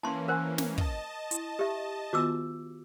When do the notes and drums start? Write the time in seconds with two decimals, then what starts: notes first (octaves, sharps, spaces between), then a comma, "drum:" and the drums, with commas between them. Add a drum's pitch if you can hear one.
0.03 E3 A#3 C#4 A5 C6
0.28 A#4 C5 F#5 G#5 C6
0.58 drum: snare
0.78 D#5 A5, drum: kick
1.31 E4, drum: hi-hat
1.59 G4 E5
2.13 D#3 B3 F4 F#4 D6 E6